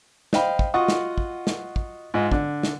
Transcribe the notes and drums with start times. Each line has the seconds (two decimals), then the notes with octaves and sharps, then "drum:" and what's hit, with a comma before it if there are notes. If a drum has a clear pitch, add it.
0.33 C5 D#5 F5 G5 B5, drum: snare
0.59 drum: kick
0.74 F4 F#4 D#5 F#5 C#6 D#6
0.88 drum: snare
1.18 drum: kick
1.47 drum: snare
1.76 drum: kick
2.14 G#2 F4 D#5
2.32 D3, drum: kick
2.63 drum: snare